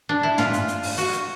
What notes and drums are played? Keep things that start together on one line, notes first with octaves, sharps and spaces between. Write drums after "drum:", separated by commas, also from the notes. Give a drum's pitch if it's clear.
D4
E4
F4, drum: tom
drum: hi-hat
drum: hi-hat
drum: open hi-hat
F#4, drum: hi-hat
drum: hi-hat